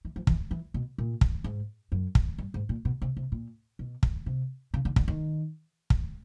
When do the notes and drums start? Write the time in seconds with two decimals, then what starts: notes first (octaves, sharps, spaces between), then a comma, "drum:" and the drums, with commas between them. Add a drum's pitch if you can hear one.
0.05 E3
0.16 F3
0.27 E3, drum: kick
0.51 E3
0.74 B2
0.98 A#2
1.21 drum: kick
1.44 G#2
1.92 F#2
2.15 drum: kick
2.38 G2
2.54 G#2
2.69 A#2
2.85 B2
3.02 C3
3.17 C3
3.32 A#2
3.79 B2
4.03 drum: kick
4.26 C3
4.74 C#3
4.85 D3
4.96 D3, drum: kick
5.08 D#3
5.90 drum: kick